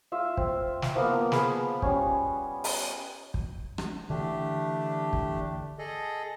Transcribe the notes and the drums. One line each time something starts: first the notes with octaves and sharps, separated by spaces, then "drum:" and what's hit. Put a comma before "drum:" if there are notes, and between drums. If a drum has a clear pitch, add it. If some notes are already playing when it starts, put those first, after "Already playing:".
F4 E5
C4, drum: kick
drum: snare
F3 A#3 B3 A#4
G#4 B4 B5, drum: snare
G3 C#4, drum: kick
drum: open hi-hat
drum: kick
drum: rim click
D3 E3 A3 D4 G4
drum: kick
G#4 A4 D#5